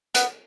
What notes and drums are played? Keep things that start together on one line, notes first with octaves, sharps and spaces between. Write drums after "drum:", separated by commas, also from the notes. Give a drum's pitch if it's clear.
B3, drum: hi-hat